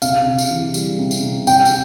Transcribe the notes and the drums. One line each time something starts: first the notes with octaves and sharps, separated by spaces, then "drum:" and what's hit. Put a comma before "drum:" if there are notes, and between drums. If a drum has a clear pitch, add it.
C3 F5, drum: tambourine
C3
drum: tambourine
E3
G3, drum: tambourine
C3
drum: tambourine
C3
C3 G5, drum: tambourine
drum: tambourine